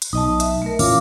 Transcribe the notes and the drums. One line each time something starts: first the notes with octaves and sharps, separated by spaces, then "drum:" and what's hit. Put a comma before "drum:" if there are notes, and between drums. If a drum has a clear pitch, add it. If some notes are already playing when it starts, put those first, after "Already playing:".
drum: hi-hat
B1 D#4 D#5 A5
E5, drum: hi-hat
A3 A#4
A#2 E3 C#4 F4 F5 D6, drum: open hi-hat